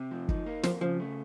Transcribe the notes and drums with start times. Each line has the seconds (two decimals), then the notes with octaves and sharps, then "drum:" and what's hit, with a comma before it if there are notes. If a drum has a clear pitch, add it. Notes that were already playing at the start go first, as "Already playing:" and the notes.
Already playing: C3
0.11 F3
0.29 D#4, drum: kick
0.46 A#3
0.63 F2 F3, drum: snare
0.81 C#3 F3
1.00 A3